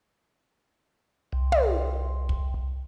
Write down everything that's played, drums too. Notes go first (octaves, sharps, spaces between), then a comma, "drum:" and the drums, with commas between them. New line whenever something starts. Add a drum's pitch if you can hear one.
C2
drum: tom
drum: kick